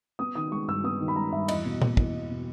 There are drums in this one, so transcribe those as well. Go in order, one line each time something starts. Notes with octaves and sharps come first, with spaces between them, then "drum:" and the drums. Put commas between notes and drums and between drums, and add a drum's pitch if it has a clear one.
B3 D#6
D#3 D#6
G#3 C#6
G2 E6
B3 D#6
D#3
B5
G#3 A#5
G2 E5
E2 D#5, drum: cymbal
B2
A#3, drum: tom A#2
E2, drum: kick
E2
B2